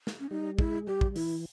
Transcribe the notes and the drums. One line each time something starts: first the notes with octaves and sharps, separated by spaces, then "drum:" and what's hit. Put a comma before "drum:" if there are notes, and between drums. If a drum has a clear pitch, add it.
drum: snare
C#4
G3 D#4
G#3 E4, drum: kick
G3 G4
drum: kick
E3 E4, drum: open hi-hat